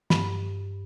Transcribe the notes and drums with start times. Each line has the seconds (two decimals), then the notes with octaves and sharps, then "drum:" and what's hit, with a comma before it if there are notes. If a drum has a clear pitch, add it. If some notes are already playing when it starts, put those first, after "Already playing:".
0.10 G2, drum: snare